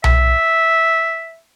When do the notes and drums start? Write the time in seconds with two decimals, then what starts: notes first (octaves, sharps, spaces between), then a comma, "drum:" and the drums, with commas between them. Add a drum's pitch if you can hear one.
0.04 E5, drum: tom B1